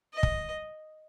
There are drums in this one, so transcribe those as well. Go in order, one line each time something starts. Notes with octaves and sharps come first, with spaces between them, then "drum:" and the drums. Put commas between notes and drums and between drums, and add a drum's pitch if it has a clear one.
D#5
drum: kick